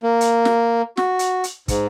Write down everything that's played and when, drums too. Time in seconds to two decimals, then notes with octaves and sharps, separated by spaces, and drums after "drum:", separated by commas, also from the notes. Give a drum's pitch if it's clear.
0.03 A#3
0.21 drum: hi-hat
0.45 drum: snare
0.97 F#4, drum: snare
1.19 drum: hi-hat
1.44 drum: hi-hat
1.68 G#2, drum: kick, hi-hat